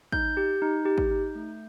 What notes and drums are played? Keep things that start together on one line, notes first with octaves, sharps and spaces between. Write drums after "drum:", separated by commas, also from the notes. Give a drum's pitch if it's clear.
D#4 G6, drum: kick
G4
D#4
G4
drum: kick
D#4
A3